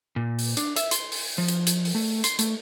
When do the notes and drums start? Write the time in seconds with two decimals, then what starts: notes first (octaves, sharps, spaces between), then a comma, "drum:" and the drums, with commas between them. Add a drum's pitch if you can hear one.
0.16 A#2
0.39 drum: open hi-hat
0.57 D4, drum: hi-hat
0.76 E5, drum: hi-hat
0.91 C6, drum: hi-hat
1.12 drum: open hi-hat
1.38 F3
1.48 drum: hi-hat
1.67 drum: hi-hat
1.85 drum: open hi-hat
1.95 A3
2.24 C6, drum: hi-hat
2.39 A3, drum: hi-hat